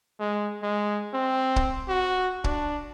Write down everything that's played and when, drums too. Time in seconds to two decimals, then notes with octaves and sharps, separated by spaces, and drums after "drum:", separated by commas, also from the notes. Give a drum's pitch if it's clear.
0.20 G#3
0.63 G#3
1.14 C4
1.56 drum: kick
1.88 F#4
2.44 D4, drum: kick